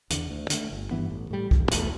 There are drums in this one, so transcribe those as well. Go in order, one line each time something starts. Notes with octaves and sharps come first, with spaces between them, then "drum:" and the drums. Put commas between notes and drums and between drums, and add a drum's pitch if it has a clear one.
E2 D3, drum: hi-hat
D2
D3 A3, drum: hi-hat
G1
G2 E3 B3
A1
A2 G3
E1, drum: kick C2
E2 B2 A3, drum: hi-hat